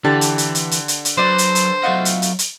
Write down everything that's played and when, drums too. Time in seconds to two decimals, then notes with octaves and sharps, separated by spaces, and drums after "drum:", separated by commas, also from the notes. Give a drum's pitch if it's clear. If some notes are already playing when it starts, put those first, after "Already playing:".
0.04 D3 E3 G4 A5
0.21 drum: hi-hat
0.38 drum: hi-hat
0.55 drum: hi-hat
0.71 drum: hi-hat
0.88 drum: hi-hat
1.05 drum: hi-hat
1.18 F#3 A4 B4 C5 D5
1.38 drum: hi-hat
1.55 drum: hi-hat
1.83 F#3 A3 F4 D#5 F#5
2.05 drum: hi-hat
2.22 drum: hi-hat
2.39 drum: hi-hat